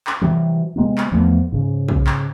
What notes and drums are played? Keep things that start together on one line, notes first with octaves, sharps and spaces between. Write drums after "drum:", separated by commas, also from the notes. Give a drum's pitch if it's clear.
drum: clap
C3 E3 F#3 G3
C3 G#3 A#3 B3
drum: clap
E2 F3 A3 B3
G#2 C#3
drum: kick
drum: clap